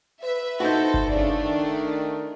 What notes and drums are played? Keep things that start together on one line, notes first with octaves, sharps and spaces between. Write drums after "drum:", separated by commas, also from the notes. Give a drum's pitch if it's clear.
B4 E5
D#4 E4 F#4 A4 C5
drum: kick G1
C#3 A3 D4
D#3